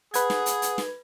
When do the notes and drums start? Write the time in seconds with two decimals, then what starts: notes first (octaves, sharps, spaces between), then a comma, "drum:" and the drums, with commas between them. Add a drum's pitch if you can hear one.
0.14 G#4 B4 F#5 G#6, drum: hi-hat
0.30 drum: snare
0.46 drum: hi-hat
0.62 drum: hi-hat
0.78 drum: snare